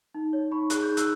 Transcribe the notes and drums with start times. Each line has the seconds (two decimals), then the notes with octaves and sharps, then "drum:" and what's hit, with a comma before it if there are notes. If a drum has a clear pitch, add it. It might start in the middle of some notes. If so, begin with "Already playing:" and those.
0.14 D#4
0.33 C#5
0.51 D#4 B5 C#6
0.70 G#4 F#6, drum: hi-hat
0.83 G6
0.89 D#4
0.97 E6 F#6, drum: hi-hat